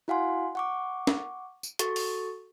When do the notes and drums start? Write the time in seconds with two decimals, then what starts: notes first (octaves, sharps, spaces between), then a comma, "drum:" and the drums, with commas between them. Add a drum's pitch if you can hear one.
0.08 E4 F#4 F5 F#5 G#5 C6
0.55 F#5 C#6 D6
1.07 drum: snare
1.63 drum: tambourine
1.79 F#4 A4 C#6 A6, drum: hi-hat
1.96 drum: open hi-hat